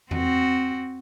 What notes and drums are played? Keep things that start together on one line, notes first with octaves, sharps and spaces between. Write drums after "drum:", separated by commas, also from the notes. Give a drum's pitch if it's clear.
C4 F#4, drum: tom E2